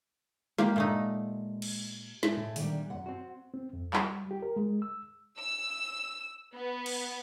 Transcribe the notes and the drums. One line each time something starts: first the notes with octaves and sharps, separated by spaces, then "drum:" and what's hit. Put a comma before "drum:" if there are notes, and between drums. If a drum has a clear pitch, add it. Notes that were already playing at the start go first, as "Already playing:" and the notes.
G#3 A#3 G4, drum: snare
A#2 A3 D#4
drum: cymbal
G#3 A3, drum: snare
A2
A#2 D3 D#3 G3, drum: open hi-hat
C2 F#2 F#5
C4 F#4
C4
F2
G3, drum: clap
G4
A#4
G#3
E6
E6
B3
drum: cymbal